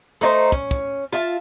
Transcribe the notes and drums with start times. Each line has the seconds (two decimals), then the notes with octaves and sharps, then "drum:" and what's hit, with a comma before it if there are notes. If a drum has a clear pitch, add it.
0.21 A3 D#4 F4 C5
0.52 C#4, drum: kick
0.71 drum: kick
1.13 F4 E5 A5